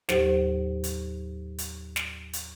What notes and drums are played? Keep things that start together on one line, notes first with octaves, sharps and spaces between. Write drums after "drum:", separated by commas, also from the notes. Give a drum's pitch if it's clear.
D#2 A2 F#3 G4 C5, drum: snare
drum: hi-hat
drum: hi-hat
drum: snare
drum: hi-hat